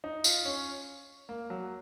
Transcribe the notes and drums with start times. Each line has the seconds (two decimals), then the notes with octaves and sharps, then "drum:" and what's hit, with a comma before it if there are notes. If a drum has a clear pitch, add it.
0.04 D#4
0.24 F4, drum: tambourine
0.45 C#4
1.29 A#3
1.50 F#3